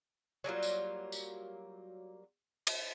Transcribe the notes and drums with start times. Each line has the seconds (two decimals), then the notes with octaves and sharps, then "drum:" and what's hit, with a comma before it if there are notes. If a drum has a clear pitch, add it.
0.44 F#3 G3 A#3 F4
0.63 drum: tambourine
1.12 drum: tambourine
2.67 drum: cymbal